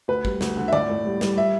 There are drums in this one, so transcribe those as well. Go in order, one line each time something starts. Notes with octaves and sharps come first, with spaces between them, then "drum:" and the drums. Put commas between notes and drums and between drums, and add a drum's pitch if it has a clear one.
D2 B4
G3, drum: kick
D2, drum: snare
D3
E5
A2 D5, drum: tom D3
A2
G3
G3, drum: snare
E5